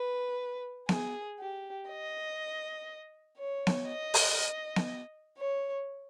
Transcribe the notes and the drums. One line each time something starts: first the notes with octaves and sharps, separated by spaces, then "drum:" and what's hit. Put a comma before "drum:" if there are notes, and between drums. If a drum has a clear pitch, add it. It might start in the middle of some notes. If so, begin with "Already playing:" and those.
Already playing: B4
G#4, drum: snare B3
G4
D#5
C#5
drum: snare B3
D#5
drum: open hi-hat
drum: snare B3
C#5